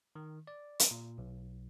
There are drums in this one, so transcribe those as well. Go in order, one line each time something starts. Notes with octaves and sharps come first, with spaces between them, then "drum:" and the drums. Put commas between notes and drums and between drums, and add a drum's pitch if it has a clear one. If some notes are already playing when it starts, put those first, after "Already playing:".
D#3
D5
drum: hi-hat
A#2
B1